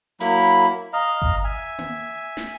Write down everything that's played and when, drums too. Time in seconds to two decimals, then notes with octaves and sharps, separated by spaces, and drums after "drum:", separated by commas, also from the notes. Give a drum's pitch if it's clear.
0.20 F#3 A#3 E4 B5, drum: hi-hat
0.93 D#5 F5 A#5
1.22 drum: kick G1
1.44 E5 G#5
1.79 drum: tom A#3
2.37 drum: snare